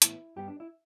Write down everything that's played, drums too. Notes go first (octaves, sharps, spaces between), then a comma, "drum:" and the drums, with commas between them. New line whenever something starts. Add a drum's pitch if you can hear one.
A2 E3 B3 E4, drum: hi-hat
G2 G3 B3 G4
D4
E4